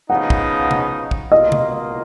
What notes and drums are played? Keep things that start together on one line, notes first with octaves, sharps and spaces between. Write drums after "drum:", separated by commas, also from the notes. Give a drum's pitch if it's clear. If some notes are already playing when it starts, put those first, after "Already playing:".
C#3 F3 B3 D#4 F#5
drum: kick
drum: tom C3
drum: kick
C#2 B2 A#3 F4 D#5
drum: tom C3